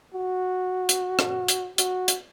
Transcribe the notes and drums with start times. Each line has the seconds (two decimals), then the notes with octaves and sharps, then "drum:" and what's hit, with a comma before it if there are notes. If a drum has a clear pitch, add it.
0.15 F#4
0.89 drum: hi-hat
1.19 drum: rim click
1.48 drum: hi-hat
1.78 F#4, drum: hi-hat
2.08 drum: hi-hat